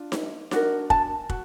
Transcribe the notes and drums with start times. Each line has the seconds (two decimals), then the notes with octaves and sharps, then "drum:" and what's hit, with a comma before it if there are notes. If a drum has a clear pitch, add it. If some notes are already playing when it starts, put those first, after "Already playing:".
Already playing: D4 F4
0.12 drum: snare D#4
0.51 D4 F#4 A#4, drum: snare D#4
0.90 A5, drum: kick
1.29 F#4, drum: kick